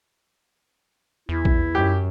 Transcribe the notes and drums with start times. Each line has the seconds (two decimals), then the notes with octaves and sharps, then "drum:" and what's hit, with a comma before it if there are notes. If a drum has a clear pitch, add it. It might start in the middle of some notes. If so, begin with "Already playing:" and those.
1.29 E2 E4
1.45 drum: kick A#1
1.75 F#2 G4